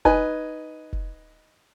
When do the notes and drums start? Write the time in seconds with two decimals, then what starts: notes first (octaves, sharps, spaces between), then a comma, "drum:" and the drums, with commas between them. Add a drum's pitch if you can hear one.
0.05 D#4 B4 G#5, drum: kick F1
0.93 drum: kick F1